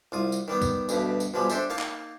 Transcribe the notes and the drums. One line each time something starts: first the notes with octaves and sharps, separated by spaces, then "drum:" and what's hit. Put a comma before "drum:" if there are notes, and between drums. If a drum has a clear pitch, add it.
C2 F4 D#6
drum: tambourine
D#3 G3 B3
drum: kick C2, tambourine
D2 G2 B2, drum: tambourine
drum: tambourine
B2 F3 G3 G#3
D4 G4 A4 C5 E5, drum: tambourine
A#3 D#4 F5 A5
drum: clap